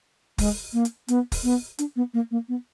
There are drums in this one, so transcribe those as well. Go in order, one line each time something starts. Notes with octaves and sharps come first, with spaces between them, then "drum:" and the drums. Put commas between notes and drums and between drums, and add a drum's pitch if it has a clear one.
G#3, drum: kick, open hi-hat
A#3
drum: hi-hat
B3, drum: hi-hat
drum: kick, open hi-hat
B3
D4, drum: hi-hat
B3
A#3
A#3
B3